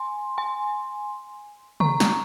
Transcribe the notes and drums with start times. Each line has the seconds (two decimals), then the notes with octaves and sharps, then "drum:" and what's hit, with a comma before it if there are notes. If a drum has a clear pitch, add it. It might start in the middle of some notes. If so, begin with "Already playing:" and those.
Already playing: G#5 C6
0.38 G#5 C6
1.80 A#5 C#6, drum: tom
2.00 drum: snare